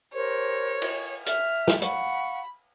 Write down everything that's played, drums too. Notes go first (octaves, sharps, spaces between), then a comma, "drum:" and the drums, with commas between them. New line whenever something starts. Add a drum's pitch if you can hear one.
G4 A#4 C5 C#5
drum: cymbal
E5 F6, drum: hi-hat
drum: snare
F5 F#5 B5 C#6, drum: hi-hat